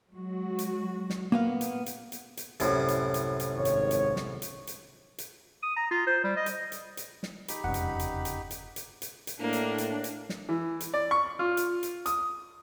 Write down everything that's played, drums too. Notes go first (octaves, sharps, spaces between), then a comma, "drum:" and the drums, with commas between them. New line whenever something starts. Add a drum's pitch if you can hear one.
F#3 G#3 F#4
drum: hi-hat
drum: snare
A#2 A#3 B3 F5
drum: hi-hat
drum: hi-hat
drum: hi-hat
drum: hi-hat
C2 F#2 A2, drum: hi-hat
drum: hi-hat
drum: hi-hat
drum: hi-hat
G#1 C#5
drum: hi-hat
drum: hi-hat
drum: snare
drum: hi-hat
drum: hi-hat
drum: hi-hat
D#6
A#5
F4
C5
G3
D#5
drum: hi-hat
drum: hi-hat
drum: hi-hat
drum: snare
D#4 G4 B5, drum: hi-hat
F1 E2 G2 C#3 F#5
drum: hi-hat
drum: hi-hat
drum: hi-hat
drum: hi-hat
drum: hi-hat
drum: hi-hat
drum: hi-hat
A2 A#3 D4
drum: hi-hat
drum: hi-hat
drum: hi-hat
drum: snare
E3
drum: hi-hat
D5
C#6
F4
drum: hi-hat
drum: hi-hat
D#6, drum: hi-hat